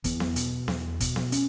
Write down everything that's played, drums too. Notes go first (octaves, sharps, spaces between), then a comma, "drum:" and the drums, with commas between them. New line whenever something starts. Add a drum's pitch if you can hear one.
E2 B3, drum: kick, hi-hat
drum: snare B3
B2, drum: hi-hat
E2, drum: snare B3
B2, drum: kick, hi-hat
drum: snare B3
C#4, drum: hi-hat